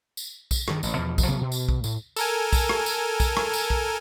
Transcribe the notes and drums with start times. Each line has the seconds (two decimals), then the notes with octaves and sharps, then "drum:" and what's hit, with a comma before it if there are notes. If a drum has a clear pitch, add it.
0.17 drum: tambourine
0.51 drum: kick B1, tambourine
0.68 G2 D#3, drum: rim click
0.83 A1, drum: tambourine
0.96 E2 B2 F3
1.18 drum: kick B1, tambourine
1.28 C3 F3 F#3 B3
1.41 B2
1.52 drum: tambourine
1.69 drum: kick B1
1.84 A2, drum: tambourine
2.16 A4 A#4 G#5, drum: tambourine
2.53 drum: kick B1, tambourine
2.69 drum: rim click
2.86 drum: tambourine
3.20 drum: kick B1, tambourine
3.37 drum: rim click
3.53 drum: tambourine
3.70 drum: kick B1